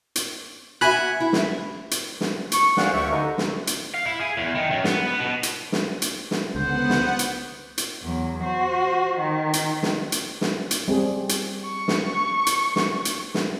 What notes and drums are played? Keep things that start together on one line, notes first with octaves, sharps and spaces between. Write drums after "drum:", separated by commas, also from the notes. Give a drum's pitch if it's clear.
drum: hi-hat
F#4 E5 G#5 B5 F#6
E4
drum: snare
drum: hi-hat
drum: snare
C#6, drum: hi-hat
G#4 C5 D5 F5 F#5, drum: snare
D2 D#3 D4 G4 E5 C#6
D3 D#4
drum: snare
drum: hi-hat
F5
E4
G#4
E2
D#3
F#2
B3, drum: snare
B3
B2
drum: hi-hat
drum: snare
drum: hi-hat
drum: snare
C#2 D3 B3 C5 F#5
drum: snare
drum: hi-hat
drum: hi-hat
E2 F#3
F#4 C5
D#3
drum: hi-hat
drum: snare
drum: hi-hat
drum: snare
drum: hi-hat
G3 C4 G#4
drum: hi-hat
C#6
drum: snare
drum: hi-hat
drum: snare
drum: hi-hat
drum: snare